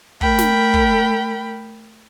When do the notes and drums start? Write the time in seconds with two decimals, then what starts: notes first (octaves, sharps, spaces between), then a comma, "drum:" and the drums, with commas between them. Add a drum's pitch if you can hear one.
0.21 A3 A#4 G5 B5, drum: kick
0.39 drum: snare
0.74 drum: kick